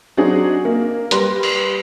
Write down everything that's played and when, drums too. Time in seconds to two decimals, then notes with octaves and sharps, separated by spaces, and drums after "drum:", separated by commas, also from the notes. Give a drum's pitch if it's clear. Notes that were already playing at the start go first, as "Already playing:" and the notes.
0.17 F#3 C4 D4 D#4 G#4
0.65 A#3
1.11 G3 B4 C6 A#6, drum: hi-hat
1.43 drum: cymbal